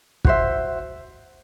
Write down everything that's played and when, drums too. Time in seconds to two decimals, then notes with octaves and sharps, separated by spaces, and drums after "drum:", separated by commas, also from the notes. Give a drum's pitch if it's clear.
0.25 F#4 C5 E5, drum: kick